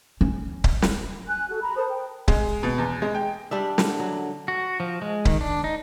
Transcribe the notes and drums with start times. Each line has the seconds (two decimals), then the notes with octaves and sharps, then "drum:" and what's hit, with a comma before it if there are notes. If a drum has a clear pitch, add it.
0.21 C#4
0.64 drum: kick C#1
0.82 drum: snare
1.27 G#5 F#6
1.49 F#4 A4
1.61 A#5 B5
1.76 A#4 C5 A5 D#6
1.89 G5
2.28 G#3, drum: kick C#1
2.63 B2
2.78 E2
3.02 G#3
3.15 G5
3.51 G3 D4 E5
3.78 D3, drum: snare
3.99 F#3
4.48 F#4
4.80 F3
5.02 G#3
5.25 D#3, drum: kick C#1
5.41 D4
5.64 D#4